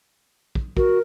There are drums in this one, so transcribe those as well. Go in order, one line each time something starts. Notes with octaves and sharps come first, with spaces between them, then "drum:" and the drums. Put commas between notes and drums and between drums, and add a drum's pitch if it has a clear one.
drum: kick
F#4 A#4, drum: kick